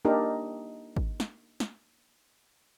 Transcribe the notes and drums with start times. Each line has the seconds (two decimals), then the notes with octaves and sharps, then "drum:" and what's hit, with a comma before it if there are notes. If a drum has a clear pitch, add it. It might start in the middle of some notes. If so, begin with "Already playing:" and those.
0.05 A#3 D4 D#4 G4 A#4
0.96 drum: kick G#1
1.20 drum: snare
1.60 drum: snare